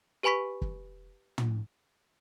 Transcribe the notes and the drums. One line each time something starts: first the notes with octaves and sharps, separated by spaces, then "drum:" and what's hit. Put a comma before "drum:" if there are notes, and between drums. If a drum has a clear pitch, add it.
G4 B4 G#5 B5 C#6 B6
drum: kick
drum: tom